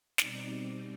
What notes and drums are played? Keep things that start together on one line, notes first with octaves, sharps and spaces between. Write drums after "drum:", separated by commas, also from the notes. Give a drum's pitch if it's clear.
B2 G3 C4 D#4 D5, drum: snare